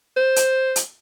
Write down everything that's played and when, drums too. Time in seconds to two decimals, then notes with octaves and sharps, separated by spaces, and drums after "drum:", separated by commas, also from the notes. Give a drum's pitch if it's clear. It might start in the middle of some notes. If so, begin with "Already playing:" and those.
0.17 C5
0.36 drum: hi-hat
0.76 drum: hi-hat